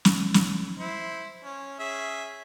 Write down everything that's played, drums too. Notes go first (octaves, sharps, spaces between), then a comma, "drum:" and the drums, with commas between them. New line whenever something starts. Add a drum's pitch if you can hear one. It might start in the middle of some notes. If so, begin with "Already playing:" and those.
drum: snare
drum: snare
E4 C5
C#4
C#4 G#4 E5